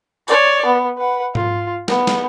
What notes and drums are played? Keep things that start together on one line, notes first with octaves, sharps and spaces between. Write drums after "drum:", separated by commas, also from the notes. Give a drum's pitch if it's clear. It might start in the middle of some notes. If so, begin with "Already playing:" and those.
C#5 D5, drum: tambourine
B3
B4 F#5
F4, drum: tom G#2
B3, drum: snare
drum: snare